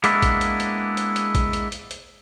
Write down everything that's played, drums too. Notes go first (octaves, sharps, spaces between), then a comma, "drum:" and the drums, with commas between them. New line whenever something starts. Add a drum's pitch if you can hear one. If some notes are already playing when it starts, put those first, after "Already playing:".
G#3 A#3 B3 D4 E4, drum: hi-hat
drum: kick, hi-hat
drum: hi-hat
drum: hi-hat
drum: hi-hat
drum: hi-hat
drum: kick, hi-hat
drum: hi-hat
drum: hi-hat
drum: hi-hat